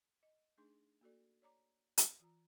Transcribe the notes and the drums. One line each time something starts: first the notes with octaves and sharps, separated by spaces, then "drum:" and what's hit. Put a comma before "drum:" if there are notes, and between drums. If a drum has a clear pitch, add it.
D#5
A3 D4 D#4 G#4 C6
A#3 F#4 A4 D5
C#5 D5 A#5 D6
drum: hi-hat
E3 F4 A#5